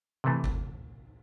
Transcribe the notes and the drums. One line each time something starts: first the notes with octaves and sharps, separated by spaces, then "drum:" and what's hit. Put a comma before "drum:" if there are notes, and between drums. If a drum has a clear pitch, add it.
C3 E3 A3
drum: kick G1